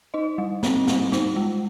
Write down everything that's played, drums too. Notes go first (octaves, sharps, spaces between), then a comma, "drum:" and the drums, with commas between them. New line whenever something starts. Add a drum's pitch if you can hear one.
D#4 D#5
G3
C4, drum: snare
G3, drum: snare
D#4, drum: snare
G#3